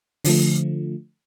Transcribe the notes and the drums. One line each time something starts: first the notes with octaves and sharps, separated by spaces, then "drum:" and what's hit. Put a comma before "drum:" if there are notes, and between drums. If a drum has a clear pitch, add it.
D3 F3 A3, drum: open hi-hat